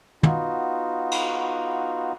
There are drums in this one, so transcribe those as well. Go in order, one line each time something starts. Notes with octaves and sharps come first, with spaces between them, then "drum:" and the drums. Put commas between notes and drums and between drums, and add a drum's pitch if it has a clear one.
B3 D#4 F4 F#4, drum: tom
drum: cymbal